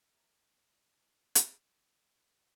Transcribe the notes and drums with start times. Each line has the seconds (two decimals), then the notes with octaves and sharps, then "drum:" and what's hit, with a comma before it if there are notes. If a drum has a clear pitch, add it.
0.13 E4 A#4 A5 A#5
1.35 drum: hi-hat